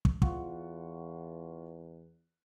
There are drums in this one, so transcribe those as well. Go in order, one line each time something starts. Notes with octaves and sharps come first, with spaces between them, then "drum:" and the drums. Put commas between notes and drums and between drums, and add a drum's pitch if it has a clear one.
drum: kick
E2 F4 F#5 C#6, drum: kick